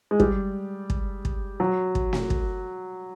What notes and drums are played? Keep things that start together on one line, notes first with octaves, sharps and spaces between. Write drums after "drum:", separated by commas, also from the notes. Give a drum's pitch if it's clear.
G#3
G3, drum: kick
drum: kick
drum: kick
F#3
drum: kick
drum: snare
drum: kick